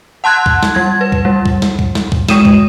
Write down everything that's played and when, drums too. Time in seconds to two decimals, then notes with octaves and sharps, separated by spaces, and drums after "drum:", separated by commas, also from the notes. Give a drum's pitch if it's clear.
0.24 F#5 A5 C6 F#6 G#6
0.46 drum: kick C#2
0.63 drum: snare
0.75 G3 G#6
1.01 B4
1.12 drum: kick C#2
1.25 G3
1.46 drum: kick C#2
1.62 drum: snare
1.79 drum: kick C#2
1.95 drum: snare
2.12 drum: kick C#2
2.29 G#3 D#6 D#7 E7, drum: snare
2.45 drum: kick C#2